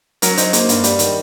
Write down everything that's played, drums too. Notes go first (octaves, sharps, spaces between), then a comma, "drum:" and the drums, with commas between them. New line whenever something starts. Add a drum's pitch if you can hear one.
F#3 A#4, drum: hi-hat
D#4 C5, drum: hi-hat
A#3 C5, drum: hi-hat
G2, drum: hi-hat
G3, drum: hi-hat
D#3, drum: hi-hat